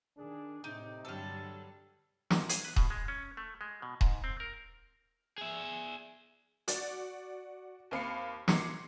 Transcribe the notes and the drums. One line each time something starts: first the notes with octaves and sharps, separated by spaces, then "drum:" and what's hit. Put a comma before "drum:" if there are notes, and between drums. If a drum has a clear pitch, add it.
D#3 D4 G#4
A2 C3 D#4 D5
G2 D3 F#3 G3 A4 F6
A#2, drum: snare
G#4, drum: hi-hat
B4
B2, drum: kick D#1
G#3
C#4
A3
G#3
B2
G#2, drum: kick D#1
C4
A#4
G#4 E5
F#4 D5 A6, drum: hi-hat
D#2 C4 F5 B5 C7 C#7
C6 D6 G#6 C7 C#7, drum: snare